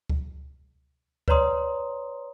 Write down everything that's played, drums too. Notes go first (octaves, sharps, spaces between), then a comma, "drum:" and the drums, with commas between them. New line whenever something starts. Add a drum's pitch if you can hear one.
drum: kick C#2
B4 C#5 D5 A#5 C6 D#6, drum: kick C#2